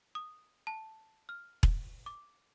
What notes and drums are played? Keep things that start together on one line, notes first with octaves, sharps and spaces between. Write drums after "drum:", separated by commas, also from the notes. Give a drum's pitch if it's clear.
D#6
A5
F6
drum: kick E1
D6